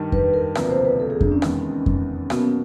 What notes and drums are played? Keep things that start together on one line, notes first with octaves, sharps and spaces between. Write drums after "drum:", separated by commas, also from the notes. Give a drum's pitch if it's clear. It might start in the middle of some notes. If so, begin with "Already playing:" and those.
Already playing: G2 D#3 G3
B4, drum: kick F2
A#4
E1 D2 C3 F3 A#3 B4, drum: rim click
C5
B4
A4
G#4
D4, drum: kick F2
C#4
E2 C3 D#3 G#3 B3, drum: rim click
drum: kick F2
B1 B2 F#3 A#3 B3, drum: rim click
C#4